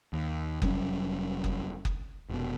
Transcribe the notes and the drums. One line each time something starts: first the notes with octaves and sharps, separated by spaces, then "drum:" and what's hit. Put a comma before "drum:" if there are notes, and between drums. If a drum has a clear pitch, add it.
D#2
F1 F#3 G3 C#4, drum: kick F#1
drum: kick F#1
drum: kick F#1
F1 B2